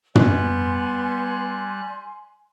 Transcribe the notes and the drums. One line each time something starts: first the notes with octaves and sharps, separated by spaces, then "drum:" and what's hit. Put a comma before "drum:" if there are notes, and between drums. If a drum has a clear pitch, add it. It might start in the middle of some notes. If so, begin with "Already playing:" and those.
G3 B3 G#5 C6 F#6, drum: tom